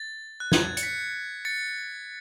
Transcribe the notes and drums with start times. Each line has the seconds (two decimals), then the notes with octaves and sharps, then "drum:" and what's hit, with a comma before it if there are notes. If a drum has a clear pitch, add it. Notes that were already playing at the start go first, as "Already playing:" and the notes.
Already playing: A6
0.40 F#6
0.52 G#6, drum: snare
0.77 C#7, drum: hi-hat
0.83 B6
1.45 A6 C#7